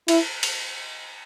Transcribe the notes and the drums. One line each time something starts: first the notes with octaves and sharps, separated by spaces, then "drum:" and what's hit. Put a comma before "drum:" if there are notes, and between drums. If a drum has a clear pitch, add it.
E4, drum: cymbal
drum: cymbal